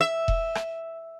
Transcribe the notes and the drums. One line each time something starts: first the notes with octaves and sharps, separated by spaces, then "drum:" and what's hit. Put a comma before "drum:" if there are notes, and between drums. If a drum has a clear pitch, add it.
E5
drum: kick E1
drum: rim click